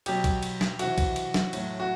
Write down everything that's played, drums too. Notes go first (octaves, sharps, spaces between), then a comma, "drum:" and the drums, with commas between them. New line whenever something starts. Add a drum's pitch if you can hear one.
B2 F#3 G4, drum: cymbal
drum: kick A#1, cymbal
drum: cymbal
drum: snare
C3 E3 F#4, drum: cymbal
drum: kick A#1, cymbal
drum: cymbal
drum: snare
A2 F#3, drum: cymbal
F#4